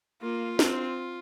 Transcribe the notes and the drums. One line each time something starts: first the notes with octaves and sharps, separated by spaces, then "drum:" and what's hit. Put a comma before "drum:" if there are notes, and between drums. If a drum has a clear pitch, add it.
A#3 F4
C4, drum: snare